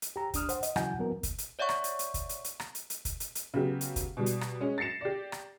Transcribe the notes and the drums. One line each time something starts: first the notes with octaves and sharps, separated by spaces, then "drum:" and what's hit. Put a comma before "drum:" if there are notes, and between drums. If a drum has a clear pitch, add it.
drum: hi-hat
G4 A#5
C2 D4 D#6 F6, drum: kick, hi-hat
C5 F#5, drum: hi-hat
D#5, drum: hi-hat
C#3 E3 F#3 F#5 G#5 G6, drum: rim click
E3 F#3 B3 A#4
drum: kick, hi-hat
drum: hi-hat
C#5 D5 E5 F#5 C#6
drum: rim click
drum: hi-hat
drum: hi-hat
drum: kick, hi-hat
drum: hi-hat
drum: hi-hat
drum: rim click
drum: hi-hat
drum: hi-hat
drum: kick, hi-hat
drum: hi-hat
drum: hi-hat
C#3 F#3 B3 G4
drum: hi-hat
drum: kick, hi-hat
B2 G3
drum: hi-hat
drum: rim click
G#3 C#4
A6 A#6 C7 C#7 E7
G4 D5
drum: rim click